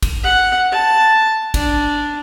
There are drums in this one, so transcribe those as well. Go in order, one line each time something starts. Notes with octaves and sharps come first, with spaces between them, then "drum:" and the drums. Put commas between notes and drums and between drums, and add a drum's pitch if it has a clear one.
drum: kick, cymbal
F#5
A5
D4, drum: kick, cymbal